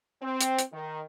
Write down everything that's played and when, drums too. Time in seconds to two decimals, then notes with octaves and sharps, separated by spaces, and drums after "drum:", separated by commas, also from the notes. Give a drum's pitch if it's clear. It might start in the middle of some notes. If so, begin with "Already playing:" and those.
0.23 C4
0.41 drum: hi-hat
0.59 drum: hi-hat
0.73 D#3